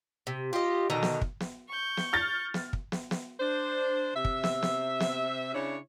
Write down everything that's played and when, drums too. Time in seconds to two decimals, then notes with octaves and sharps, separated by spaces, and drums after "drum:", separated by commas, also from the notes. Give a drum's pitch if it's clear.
0.27 C3
0.53 F4 G4 D#5
0.90 B2 D3 D#3 A#5
1.03 drum: snare
1.22 drum: kick
1.40 drum: snare
1.68 C#6 G6
1.97 drum: snare
2.13 F6 A6
2.54 drum: snare
2.73 drum: kick
2.92 drum: snare
3.11 drum: snare
3.40 D4 C5
4.15 C3 E5
4.25 drum: kick
4.44 drum: snare
4.62 drum: snare
5.00 drum: snare
5.54 C#3 D4 E4 C#5